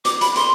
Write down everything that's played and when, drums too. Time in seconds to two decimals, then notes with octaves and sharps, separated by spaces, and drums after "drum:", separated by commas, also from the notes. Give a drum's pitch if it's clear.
0.05 D6, drum: hi-hat
0.21 B5, drum: hi-hat
0.36 C6, drum: hi-hat